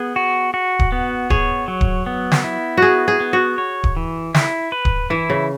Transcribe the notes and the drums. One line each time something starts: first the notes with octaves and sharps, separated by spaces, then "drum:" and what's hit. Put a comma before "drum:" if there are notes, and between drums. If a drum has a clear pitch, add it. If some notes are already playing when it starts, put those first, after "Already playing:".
Already playing: B3 G#4
F#4
F#4
drum: kick D1
B3
G#4 C#5, drum: kick D1
F#3
drum: kick D1
B3
drum: snare
E4
B3 F#4 G#4
G#4
B3
F#4
C#5
drum: kick D1
E3
E4, drum: snare
B4
drum: kick D1
E3 E4
C#3